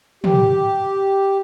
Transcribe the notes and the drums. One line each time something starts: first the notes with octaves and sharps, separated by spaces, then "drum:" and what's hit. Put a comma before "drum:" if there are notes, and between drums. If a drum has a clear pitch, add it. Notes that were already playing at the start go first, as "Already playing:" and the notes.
G4, drum: tom